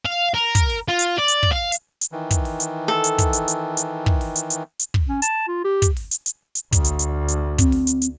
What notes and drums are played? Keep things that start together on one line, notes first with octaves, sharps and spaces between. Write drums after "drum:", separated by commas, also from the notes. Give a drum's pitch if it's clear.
F5
A#4
drum: kick, hi-hat
drum: open hi-hat
F4
drum: hi-hat
D5
drum: hi-hat
drum: kick
F5
drum: hi-hat
drum: hi-hat
D#3 E3
drum: kick, hi-hat
drum: open hi-hat
drum: hi-hat
A4
drum: hi-hat
drum: kick, hi-hat
drum: hi-hat
drum: hi-hat
drum: hi-hat
drum: kick
drum: open hi-hat
drum: hi-hat
drum: hi-hat
drum: hi-hat
drum: kick
C#4
A5, drum: hi-hat
F4
G4
drum: kick, hi-hat
drum: open hi-hat
drum: hi-hat
drum: hi-hat
drum: hi-hat
D2, drum: kick, hi-hat
drum: hi-hat
drum: hi-hat
drum: hi-hat
C4, drum: kick, hi-hat
drum: open hi-hat
drum: hi-hat
drum: hi-hat